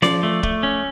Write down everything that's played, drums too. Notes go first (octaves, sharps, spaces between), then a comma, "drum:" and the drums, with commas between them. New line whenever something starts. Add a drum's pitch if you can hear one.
F3 D5, drum: snare C#4
A3
A3, drum: kick
C#4